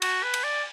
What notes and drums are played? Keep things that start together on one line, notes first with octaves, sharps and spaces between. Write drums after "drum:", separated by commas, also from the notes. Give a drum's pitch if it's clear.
F#4, drum: cymbal
B4
drum: cymbal
D5